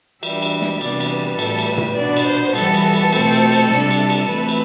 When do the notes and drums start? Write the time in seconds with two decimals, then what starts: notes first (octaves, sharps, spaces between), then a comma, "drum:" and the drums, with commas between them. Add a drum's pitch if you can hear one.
0.23 E3 G3 D4 E5, drum: cymbal
0.42 drum: cymbal
0.62 drum: snare
0.81 C3 E3 G3 B3 D4 D5, drum: cymbal
1.00 drum: cymbal
1.10 B4
1.39 A2 E3 G3 A4, drum: cymbal
1.58 drum: cymbal
1.68 B4
1.78 drum: tom
1.96 B2 B3 D4 D5
2.16 drum: cymbal
2.26 C5
2.55 E3 G3 B3 A4, drum: cymbal
2.74 drum: cymbal
2.84 A4
2.94 drum: cymbal
3.12 B2 A3 C4, drum: cymbal
3.32 drum: cymbal
3.52 drum: cymbal
3.71 C3 G3 D4, drum: snare
3.90 drum: cymbal
4.10 drum: cymbal
4.29 E3 A3 C4 B4
4.48 drum: cymbal